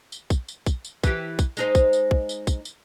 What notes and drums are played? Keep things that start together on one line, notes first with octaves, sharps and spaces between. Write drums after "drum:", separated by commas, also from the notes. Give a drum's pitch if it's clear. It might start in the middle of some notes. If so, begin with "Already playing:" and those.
drum: tambourine
drum: kick, tambourine
drum: tambourine
drum: kick, tambourine
drum: tambourine
E3 G4, drum: kick, tambourine
drum: kick, tambourine
G#3 D#4 C5, drum: tambourine
drum: kick, tambourine
drum: tambourine
drum: kick
drum: tambourine
drum: kick, tambourine
drum: tambourine